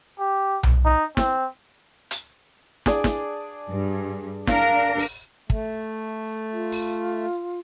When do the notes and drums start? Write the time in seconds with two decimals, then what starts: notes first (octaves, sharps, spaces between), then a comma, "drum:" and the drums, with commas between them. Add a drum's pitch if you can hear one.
0.19 G4
0.63 drum: tom B1
0.85 D#4
1.17 C4, drum: snare
2.11 drum: hi-hat
2.86 D4 G#4 D5, drum: snare
3.04 drum: snare
3.69 G2
4.47 D4 A#4 F5, drum: snare
4.99 drum: open hi-hat
5.50 A3, drum: kick
6.53 F4
6.72 drum: open hi-hat